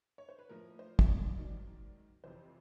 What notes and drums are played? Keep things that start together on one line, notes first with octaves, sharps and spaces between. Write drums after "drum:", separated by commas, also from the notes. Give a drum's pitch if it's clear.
C#5
C5
B4
A2 F3 A#4
C5
D#5, drum: kick
D5
G#2 D#3 F#3
F2 C3 E3 C5